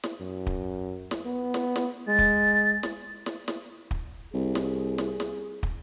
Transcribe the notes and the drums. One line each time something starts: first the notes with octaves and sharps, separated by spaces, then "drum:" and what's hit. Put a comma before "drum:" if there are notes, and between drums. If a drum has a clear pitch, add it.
drum: snare
F#2
drum: kick
drum: snare
B3
drum: snare
drum: snare
G#3 A6
drum: kick
drum: snare
drum: snare
drum: snare
drum: kick
C2 G#4
drum: snare
drum: snare
drum: snare
drum: kick